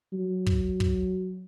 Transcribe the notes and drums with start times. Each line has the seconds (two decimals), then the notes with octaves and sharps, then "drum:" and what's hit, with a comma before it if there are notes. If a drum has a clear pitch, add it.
0.13 F#3
0.46 drum: kick
0.80 drum: kick